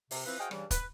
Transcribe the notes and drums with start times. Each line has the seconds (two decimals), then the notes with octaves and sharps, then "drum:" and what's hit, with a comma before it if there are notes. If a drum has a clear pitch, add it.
0.11 C3, drum: open hi-hat
0.26 E3 F3 C4 B4
0.40 F#4 G#4 C5 D#5 F5 G5
0.51 G2 C#3 E3 G3, drum: rim click
0.71 B4, drum: kick, hi-hat